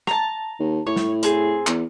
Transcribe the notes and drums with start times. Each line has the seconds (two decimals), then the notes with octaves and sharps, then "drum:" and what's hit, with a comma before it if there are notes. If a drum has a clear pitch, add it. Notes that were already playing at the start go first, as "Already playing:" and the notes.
0.07 A5 A#5, drum: rim click
0.60 D#2
0.87 A2 C#5
0.96 drum: snare
1.23 C4 G#4, drum: hi-hat
1.67 E2, drum: clap